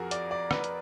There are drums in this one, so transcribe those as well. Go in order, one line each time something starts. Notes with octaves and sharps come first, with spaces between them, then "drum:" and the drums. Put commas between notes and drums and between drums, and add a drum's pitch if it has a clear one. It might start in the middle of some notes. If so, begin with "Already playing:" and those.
Already playing: F2 F3 F#4 G#4 A#4
D5, drum: hi-hat
D5
B4, drum: rim click
drum: hi-hat